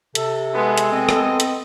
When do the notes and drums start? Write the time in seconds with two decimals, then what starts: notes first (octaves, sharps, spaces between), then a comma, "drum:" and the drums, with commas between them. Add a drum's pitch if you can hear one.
0.15 C3 A4, drum: hi-hat
0.54 G#3 B3
0.78 drum: hi-hat
0.92 B3 C4 D#5
1.09 drum: rim click
1.40 drum: hi-hat